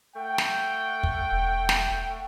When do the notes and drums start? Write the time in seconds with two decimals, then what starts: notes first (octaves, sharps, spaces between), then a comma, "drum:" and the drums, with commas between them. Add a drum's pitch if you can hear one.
0.16 A3 F#5 G5
0.38 drum: snare
1.04 drum: kick
1.32 E1
1.69 drum: snare